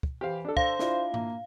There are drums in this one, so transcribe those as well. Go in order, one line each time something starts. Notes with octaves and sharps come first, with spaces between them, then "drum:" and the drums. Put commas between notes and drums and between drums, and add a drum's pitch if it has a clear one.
drum: kick
E3 G4 C5 F5
D4 A4
C5 F5, drum: kick
D4 E4 F4, drum: snare
A#3, drum: tom G#2